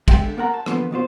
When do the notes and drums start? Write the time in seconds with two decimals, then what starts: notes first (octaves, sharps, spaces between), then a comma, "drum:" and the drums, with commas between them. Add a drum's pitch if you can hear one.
0.08 G#3 G#4 D#5 E5 G5, drum: kick, cymbal
0.23 D3
0.38 A#3 A#4 F#5 A#5
0.54 A5
0.66 D3 E3 F3 A#3 B3, drum: rim click
0.91 D#2 B2 F4 C5